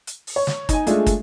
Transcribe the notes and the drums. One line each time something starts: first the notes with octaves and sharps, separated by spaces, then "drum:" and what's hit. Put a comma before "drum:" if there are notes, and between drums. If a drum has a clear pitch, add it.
drum: hi-hat
drum: open hi-hat
C#5
drum: snare
D#4 G#5, drum: kick, hi-hat
G#3 A3 D4 F4 G#4, drum: hi-hat
drum: kick, hi-hat